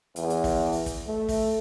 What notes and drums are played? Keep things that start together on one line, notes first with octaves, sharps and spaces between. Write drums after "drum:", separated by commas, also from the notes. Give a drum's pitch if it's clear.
E2, drum: hi-hat
drum: hi-hat
drum: kick, open hi-hat
drum: open hi-hat
drum: kick, hi-hat
A3
drum: kick, open hi-hat